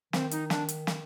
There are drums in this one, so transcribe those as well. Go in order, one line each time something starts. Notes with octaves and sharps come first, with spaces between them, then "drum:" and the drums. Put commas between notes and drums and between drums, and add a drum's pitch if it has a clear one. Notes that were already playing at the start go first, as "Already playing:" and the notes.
D#3 C4, drum: snare
D#4, drum: hi-hat
D4, drum: snare
drum: hi-hat
drum: snare